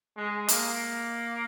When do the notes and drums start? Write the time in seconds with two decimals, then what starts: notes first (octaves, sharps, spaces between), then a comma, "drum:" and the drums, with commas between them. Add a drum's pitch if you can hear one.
0.17 G#3
0.49 A#3, drum: hi-hat